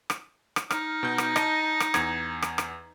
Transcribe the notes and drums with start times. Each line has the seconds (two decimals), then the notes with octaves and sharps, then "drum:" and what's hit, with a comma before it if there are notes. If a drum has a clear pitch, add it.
0.10 drum: rim click
0.56 drum: rim click
0.71 D#4 F6, drum: rim click
1.03 B2 G6
1.18 drum: rim click
1.36 D#5 A5 A#6, drum: rim click
1.80 drum: rim click
1.94 E2 G#6, drum: rim click
2.42 drum: rim click
2.58 drum: rim click